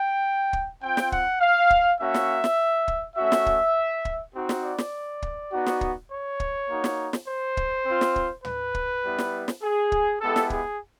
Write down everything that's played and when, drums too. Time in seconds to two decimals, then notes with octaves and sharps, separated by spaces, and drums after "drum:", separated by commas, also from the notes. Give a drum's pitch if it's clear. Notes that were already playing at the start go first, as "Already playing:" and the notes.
Already playing: G5
0.53 drum: kick
0.82 C4 F4 G5
0.97 drum: snare
1.12 F#5, drum: kick
1.41 F5
1.70 drum: kick
2.00 A#3 C#4 F#4 E5
2.14 drum: snare
2.44 drum: snare
2.88 drum: kick
3.16 A3 C#4 F#4 E5
3.32 drum: snare
3.46 drum: kick
4.05 drum: kick
4.35 C4 D#4 F#4
4.49 drum: snare
4.64 D5
4.78 drum: snare
5.22 drum: kick
5.52 B3 D#4 F#4
5.66 drum: snare
5.81 drum: kick
6.11 C#5
6.40 drum: kick
6.69 A#3 D#4 F#4
6.84 drum: snare
7.13 drum: snare
7.28 C5
7.57 drum: kick
7.86 C4 F4
8.01 drum: snare
8.16 drum: kick
8.45 B4, drum: tom
8.74 drum: kick
9.04 G3 B3 E4
9.19 drum: snare
9.48 drum: snare
9.63 G#4
9.92 drum: kick
10.21 G#3 B3 E4 G4 A4
10.36 drum: snare
10.50 G#4, drum: kick